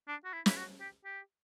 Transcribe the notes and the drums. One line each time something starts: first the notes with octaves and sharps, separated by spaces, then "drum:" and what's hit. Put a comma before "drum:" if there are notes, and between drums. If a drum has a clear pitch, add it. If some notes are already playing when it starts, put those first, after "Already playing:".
D4
F#4
E4
E4, drum: snare
F#4
G4
G4